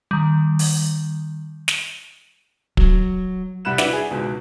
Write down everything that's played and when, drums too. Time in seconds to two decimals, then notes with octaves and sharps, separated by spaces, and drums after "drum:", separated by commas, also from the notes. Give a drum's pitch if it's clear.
0.11 D#3 G3
0.59 drum: open hi-hat
1.68 drum: snare
2.77 F#3, drum: kick
3.65 C2 G3 F#5 B5 F#6 E7
3.78 D4 E4 F#4 B4 D5, drum: snare
3.93 G#4
4.11 G#1 C#2 B2